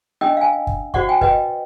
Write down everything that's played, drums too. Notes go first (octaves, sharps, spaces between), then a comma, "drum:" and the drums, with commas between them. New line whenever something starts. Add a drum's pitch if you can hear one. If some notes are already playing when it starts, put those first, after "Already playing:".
C#4 D4 D#5 G5 E6
F5 G#5
drum: kick
F#4 C5 D5 F#5 C#6, drum: kick
G5 G#5
B4 D#5 G5, drum: kick